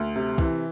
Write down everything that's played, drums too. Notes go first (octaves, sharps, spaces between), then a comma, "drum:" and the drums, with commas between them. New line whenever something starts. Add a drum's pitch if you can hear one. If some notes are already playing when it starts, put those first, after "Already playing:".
Already playing: D2
C3
E3, drum: kick C2